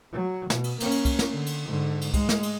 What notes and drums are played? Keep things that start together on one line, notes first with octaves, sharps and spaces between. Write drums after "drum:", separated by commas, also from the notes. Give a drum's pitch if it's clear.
F#3
B2, drum: snare
drum: cymbal
A#3 C#4, drum: cymbal
drum: cymbal
drum: kick C2, cymbal
drum: snare
D3
drum: cymbal
G#2 D3
drum: cymbal
G#3, drum: kick C2, cymbal
drum: snare
drum: cymbal